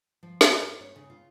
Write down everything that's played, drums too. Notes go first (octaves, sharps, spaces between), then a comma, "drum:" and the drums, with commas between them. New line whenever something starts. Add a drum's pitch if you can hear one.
F3
C5, drum: snare
A#4
C#5
C#3
F4